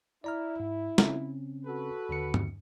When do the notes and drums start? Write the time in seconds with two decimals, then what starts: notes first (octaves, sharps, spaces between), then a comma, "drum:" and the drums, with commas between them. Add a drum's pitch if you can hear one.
0.24 E4 D5 A#5 F6
0.60 G#2
0.98 C#3 C4 C#4, drum: snare
1.66 F#4 A4 B4
2.09 D#2 D3 C#7
2.34 drum: tom G2